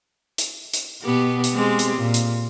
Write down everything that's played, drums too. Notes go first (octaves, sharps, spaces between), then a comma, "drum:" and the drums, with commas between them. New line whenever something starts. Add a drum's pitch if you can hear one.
drum: hi-hat
drum: hi-hat
B2 B3 G4
drum: hi-hat
G#3 C4 G4
drum: hi-hat
A#2
drum: hi-hat